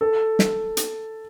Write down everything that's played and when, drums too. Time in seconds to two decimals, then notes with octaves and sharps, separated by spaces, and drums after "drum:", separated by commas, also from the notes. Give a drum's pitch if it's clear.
0.01 A4
0.39 drum: snare
0.77 drum: hi-hat